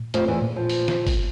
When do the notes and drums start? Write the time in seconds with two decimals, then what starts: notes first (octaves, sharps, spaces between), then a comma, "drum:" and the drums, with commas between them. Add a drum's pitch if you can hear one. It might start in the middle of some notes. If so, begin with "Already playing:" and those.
Already playing: A#2
0.14 F2 F3 A3, drum: hi-hat
0.28 E2 E3
0.42 A#2
0.56 F3
0.69 drum: open hi-hat
0.88 drum: snare
1.07 drum: kick, open hi-hat